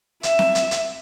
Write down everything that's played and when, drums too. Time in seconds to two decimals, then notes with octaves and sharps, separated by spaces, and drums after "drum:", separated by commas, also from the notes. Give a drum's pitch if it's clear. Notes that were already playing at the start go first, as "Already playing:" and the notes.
0.23 E5, drum: hi-hat
0.39 drum: snare C4
0.55 drum: hi-hat
0.71 drum: hi-hat